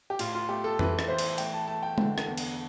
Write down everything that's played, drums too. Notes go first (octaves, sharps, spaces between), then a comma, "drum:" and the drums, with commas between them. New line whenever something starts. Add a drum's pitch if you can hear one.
G4
A2 F4, drum: cymbal
F4
A3 G4
A4
E3 B4, drum: tom F2
drum: rim click
E3 C5
drum: cymbal
A3 G5, drum: cymbal
A5
A3 A5
G5
D3, drum: tom G#3
drum: rim click
E2
drum: cymbal